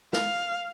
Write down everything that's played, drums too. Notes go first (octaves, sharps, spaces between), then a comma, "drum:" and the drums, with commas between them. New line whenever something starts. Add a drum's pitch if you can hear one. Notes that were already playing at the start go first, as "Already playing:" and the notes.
F5, drum: snare